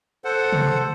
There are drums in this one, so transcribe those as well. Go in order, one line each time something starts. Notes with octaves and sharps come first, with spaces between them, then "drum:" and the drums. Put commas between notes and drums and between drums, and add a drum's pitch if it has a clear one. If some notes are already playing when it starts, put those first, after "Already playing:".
A4 C5 F#5
drum: tom C3